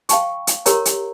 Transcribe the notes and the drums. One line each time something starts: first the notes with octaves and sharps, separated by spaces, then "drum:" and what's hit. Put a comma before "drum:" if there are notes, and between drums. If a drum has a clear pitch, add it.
F5 G5 A5 C#6, drum: hi-hat
drum: hi-hat
G4 A#4 C#5 A#5, drum: hi-hat
drum: hi-hat